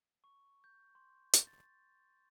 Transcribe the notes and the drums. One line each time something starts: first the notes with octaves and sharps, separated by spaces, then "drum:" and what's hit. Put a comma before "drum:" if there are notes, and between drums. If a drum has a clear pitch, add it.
C#6
G6
C6
drum: hi-hat
A6